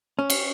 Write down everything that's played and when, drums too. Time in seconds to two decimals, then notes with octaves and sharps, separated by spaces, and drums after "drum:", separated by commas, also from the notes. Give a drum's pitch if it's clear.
0.19 C#4
0.30 drum: cymbal